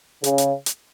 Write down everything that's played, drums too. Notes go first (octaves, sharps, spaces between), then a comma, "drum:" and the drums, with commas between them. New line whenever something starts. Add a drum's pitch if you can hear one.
C#3, drum: hi-hat
drum: hi-hat
drum: hi-hat